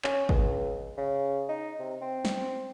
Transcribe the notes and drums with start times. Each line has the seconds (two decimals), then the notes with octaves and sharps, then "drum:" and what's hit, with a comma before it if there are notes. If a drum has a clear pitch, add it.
0.04 C#4, drum: clap
0.29 C#2, drum: kick
0.98 C#3
1.49 D#4
1.79 C3
2.02 C4
2.25 drum: snare